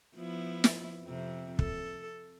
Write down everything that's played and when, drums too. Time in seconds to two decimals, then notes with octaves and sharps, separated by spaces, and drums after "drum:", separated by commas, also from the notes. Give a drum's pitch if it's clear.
0.16 F3 B3 E4
0.64 drum: snare
1.04 F2 C3
1.59 A4, drum: kick